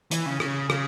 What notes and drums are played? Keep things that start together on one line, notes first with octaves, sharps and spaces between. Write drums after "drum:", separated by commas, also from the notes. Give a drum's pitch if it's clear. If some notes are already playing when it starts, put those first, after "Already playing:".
E3, drum: hi-hat
C#3
C#3, drum: rim click
C#3, drum: rim click